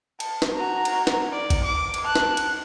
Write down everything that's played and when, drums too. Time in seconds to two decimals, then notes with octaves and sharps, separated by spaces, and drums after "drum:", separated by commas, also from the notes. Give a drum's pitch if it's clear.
0.20 A5, drum: cymbal
0.42 drum: snare
0.56 F#4 A#5
0.85 drum: cymbal
1.07 drum: snare
1.32 D5
1.50 drum: kick, cymbal
1.65 D6
1.94 drum: cymbal
2.05 A5 F#6
2.16 drum: snare
2.37 drum: cymbal